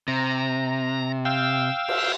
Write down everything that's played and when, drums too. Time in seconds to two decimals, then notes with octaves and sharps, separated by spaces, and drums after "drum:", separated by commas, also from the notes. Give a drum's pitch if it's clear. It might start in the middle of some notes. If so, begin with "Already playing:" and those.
0.08 C3 A#5
1.25 F5 G5 E6
1.88 drum: cymbal